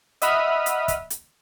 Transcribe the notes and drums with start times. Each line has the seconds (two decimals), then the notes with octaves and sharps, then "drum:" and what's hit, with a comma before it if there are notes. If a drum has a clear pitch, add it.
0.22 D#5 E5 F#5 B5 D#6 F6, drum: hi-hat
0.66 drum: hi-hat
0.88 drum: kick, hi-hat
1.10 drum: hi-hat